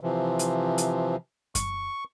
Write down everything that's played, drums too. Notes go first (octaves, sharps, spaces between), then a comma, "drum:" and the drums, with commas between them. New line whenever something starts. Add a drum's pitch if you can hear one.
C3 E3 F3
drum: hi-hat
drum: hi-hat
C#6, drum: kick F#2, hi-hat